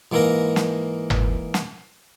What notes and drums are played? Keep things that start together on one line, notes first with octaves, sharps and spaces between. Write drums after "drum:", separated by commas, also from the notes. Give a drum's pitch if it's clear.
G#2 E3 A#3 E4 A#4 A#5
drum: snare
drum: tom G1
drum: snare